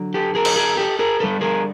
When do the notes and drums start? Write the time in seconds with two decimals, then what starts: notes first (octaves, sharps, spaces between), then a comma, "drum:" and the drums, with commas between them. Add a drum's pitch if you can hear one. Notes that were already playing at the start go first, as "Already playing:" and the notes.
Already playing: D3 F#3
0.14 G4 A4
0.35 G#4 A#4
0.45 drum: cymbal
0.56 G#4 A#4
0.77 G4 A4
0.99 G#4 A#4
1.20 D3 G3 A4 B4
1.41 G#4 A#4